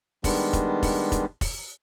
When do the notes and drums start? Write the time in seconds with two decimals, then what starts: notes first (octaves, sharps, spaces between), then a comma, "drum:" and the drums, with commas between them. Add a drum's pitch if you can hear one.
0.24 D#3 G3 G#3 B3 D4, drum: kick F1, open hi-hat
0.53 drum: kick F1, hi-hat
0.83 drum: kick F1, open hi-hat
1.12 drum: kick F1, hi-hat
1.41 drum: kick F1, open hi-hat